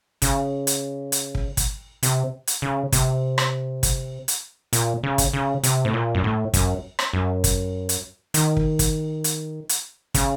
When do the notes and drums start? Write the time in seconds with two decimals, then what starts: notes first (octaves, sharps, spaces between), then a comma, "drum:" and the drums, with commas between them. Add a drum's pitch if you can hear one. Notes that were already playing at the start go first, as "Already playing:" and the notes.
0.22 C#3, drum: kick, hi-hat
0.67 drum: hi-hat
1.12 drum: hi-hat
1.35 drum: kick
1.57 drum: kick, hi-hat
2.03 C3, drum: hi-hat
2.47 drum: hi-hat
2.62 C#3
2.92 C3, drum: kick, hi-hat
3.38 drum: rim click
3.83 drum: kick, hi-hat
4.28 drum: hi-hat
4.73 A#2, drum: hi-hat
5.03 C#3
5.18 drum: kick, hi-hat
5.33 C#3
5.63 C3, drum: hi-hat
5.85 A2
5.93 A#2
6.15 F#2
6.24 A2
6.54 F#2, drum: kick, hi-hat
6.99 drum: rim click
7.13 F#2
7.44 drum: kick, hi-hat
7.89 drum: hi-hat
8.34 D#3, drum: hi-hat
8.57 drum: kick
8.79 drum: kick, hi-hat
9.24 drum: hi-hat
9.69 drum: hi-hat
10.14 C#3, drum: kick, hi-hat